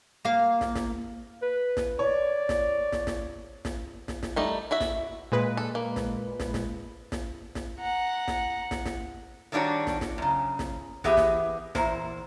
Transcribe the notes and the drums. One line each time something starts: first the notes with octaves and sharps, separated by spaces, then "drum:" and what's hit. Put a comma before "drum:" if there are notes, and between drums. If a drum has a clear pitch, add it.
A#3 F5
drum: snare
drum: snare
B4
drum: snare
C#5 D5
drum: snare
drum: snare
drum: snare
drum: snare
drum: snare
drum: snare
G3 A3 D#4
E4 F#4 E5
drum: snare
A#2 G#3 B4
A4
A#3
drum: snare
drum: snare
drum: snare
drum: snare
drum: snare
F#5 A#5
drum: snare
drum: snare
drum: snare
D#3 G3 D4 E4 F#4 C#5
drum: snare
drum: snare
F#2 C#3
drum: snare
E3 B3 G4 G#4 E5, drum: snare
drum: snare
E2 A#2 E4 C5, drum: snare